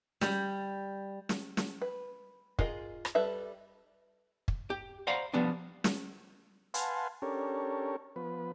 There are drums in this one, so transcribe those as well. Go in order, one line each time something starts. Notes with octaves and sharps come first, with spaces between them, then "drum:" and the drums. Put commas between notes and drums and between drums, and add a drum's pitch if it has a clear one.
G3, drum: snare
drum: snare
drum: snare
B4
F4 G#4 A#4 D#5, drum: kick
drum: rim click
G3 A4 B4 E5
drum: kick
G4
C5 D5 F5 F#5 A#5 B5
F3 G3 B3 D4
drum: snare
B4 F5 F#5 G#5 A5 C6, drum: hi-hat
C#4 D4 G4 A4 A#4 C#5
F3 B3 B4